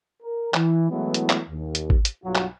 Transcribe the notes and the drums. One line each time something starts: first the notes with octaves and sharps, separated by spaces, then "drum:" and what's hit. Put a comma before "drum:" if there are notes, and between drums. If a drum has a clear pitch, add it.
A#4
E3, drum: clap
E3 F#3 G#3 A3 B3 E4
drum: hi-hat
drum: clap
D#2
drum: hi-hat
drum: kick G#1
drum: hi-hat
B1 G2 F#3 F4 F#4
drum: clap